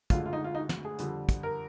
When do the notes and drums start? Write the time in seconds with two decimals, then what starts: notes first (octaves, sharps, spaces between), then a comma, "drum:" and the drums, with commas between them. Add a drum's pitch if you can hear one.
0.10 D2 D3 G#3 F4, drum: kick, hi-hat
0.26 F4
0.33 D#4
0.44 F4
0.55 D#4
0.69 drum: snare
0.85 G#4
0.99 F2 D3 G3, drum: hi-hat
1.29 drum: kick, hi-hat
1.43 A#4